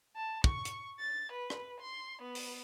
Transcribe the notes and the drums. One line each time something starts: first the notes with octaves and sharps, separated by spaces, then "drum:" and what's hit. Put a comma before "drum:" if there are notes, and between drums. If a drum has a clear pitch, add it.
A5
C#6, drum: kick
drum: hi-hat
A6
B4
drum: rim click
C6
B3
drum: open hi-hat